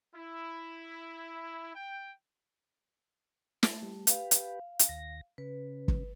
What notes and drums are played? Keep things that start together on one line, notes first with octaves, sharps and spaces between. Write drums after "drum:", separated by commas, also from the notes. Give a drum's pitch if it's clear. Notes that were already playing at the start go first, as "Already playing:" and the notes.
E4
G5
A3, drum: snare
G3
G4 B4 F5, drum: hi-hat
drum: hi-hat
drum: hi-hat
D#2 A#6
C#3 B4
drum: kick